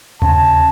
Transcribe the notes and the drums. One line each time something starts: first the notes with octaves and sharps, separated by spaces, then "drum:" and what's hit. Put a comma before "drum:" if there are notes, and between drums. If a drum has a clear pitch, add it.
C#3 A5, drum: tom D#2